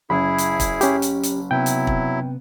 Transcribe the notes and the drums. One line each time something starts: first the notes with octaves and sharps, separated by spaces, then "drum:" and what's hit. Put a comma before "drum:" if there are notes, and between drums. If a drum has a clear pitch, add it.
F#1 E4 G#4 B5
drum: hi-hat
drum: kick, hi-hat
C#4 G4, drum: hi-hat
drum: hi-hat
drum: hi-hat
C3 F#3 B3 E4 G5
drum: hi-hat
drum: kick